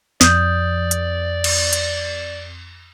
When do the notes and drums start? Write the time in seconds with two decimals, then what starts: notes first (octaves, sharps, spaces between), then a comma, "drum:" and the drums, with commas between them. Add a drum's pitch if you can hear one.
0.21 F2 D5 D#6 G6, drum: snare
0.91 drum: hi-hat
1.44 drum: cymbal
1.73 drum: hi-hat